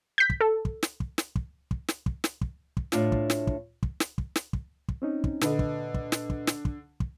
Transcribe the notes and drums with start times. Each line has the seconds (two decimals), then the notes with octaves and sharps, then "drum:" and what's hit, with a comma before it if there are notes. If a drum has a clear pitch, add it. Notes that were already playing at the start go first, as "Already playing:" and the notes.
0.18 G6 B6
0.30 drum: kick
0.41 A4
0.65 drum: kick
0.83 drum: snare
1.00 drum: kick
1.18 drum: snare
1.36 drum: kick
1.71 drum: kick
1.88 drum: snare
2.06 drum: kick
2.24 drum: snare
2.41 drum: kick
2.77 drum: kick
2.92 A2 D4 F4, drum: snare
3.12 drum: kick
3.30 drum: snare
3.47 drum: kick
3.83 drum: kick
4.00 drum: snare
4.18 drum: kick
4.36 drum: snare
4.53 drum: kick
4.88 drum: kick
5.02 C4 C#4 D#4
5.24 drum: kick
5.41 A#2 D3 B4 D#5, drum: snare
5.59 drum: kick
5.94 drum: kick
6.12 drum: snare
6.30 drum: kick
6.47 drum: snare
6.65 drum: kick
7.00 drum: kick